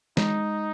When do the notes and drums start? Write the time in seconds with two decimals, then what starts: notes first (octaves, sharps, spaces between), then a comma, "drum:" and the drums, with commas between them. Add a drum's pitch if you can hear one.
0.17 G#3 D#4, drum: snare